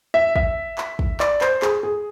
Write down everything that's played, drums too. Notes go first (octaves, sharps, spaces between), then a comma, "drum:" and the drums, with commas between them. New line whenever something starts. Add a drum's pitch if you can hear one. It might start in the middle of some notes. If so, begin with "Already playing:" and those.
E5
E5, drum: kick
drum: clap
drum: kick
D5, drum: clap
C5, drum: clap
G#4, drum: clap
G#4